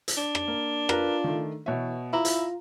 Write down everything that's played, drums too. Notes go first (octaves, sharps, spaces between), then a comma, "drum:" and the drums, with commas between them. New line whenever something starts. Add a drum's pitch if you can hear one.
drum: hi-hat
D4
drum: rim click
A#3
F4 A#4 B4 A#5, drum: rim click
D#3 A3
B2 E3 C#5 E5
E4 F4 A#5
drum: hi-hat